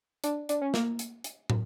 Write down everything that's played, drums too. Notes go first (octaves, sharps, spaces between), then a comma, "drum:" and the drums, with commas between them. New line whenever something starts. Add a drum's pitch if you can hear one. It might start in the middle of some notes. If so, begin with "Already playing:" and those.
D4, drum: hi-hat
D4, drum: hi-hat
C#4
A#3, drum: snare
drum: hi-hat
drum: hi-hat
drum: tom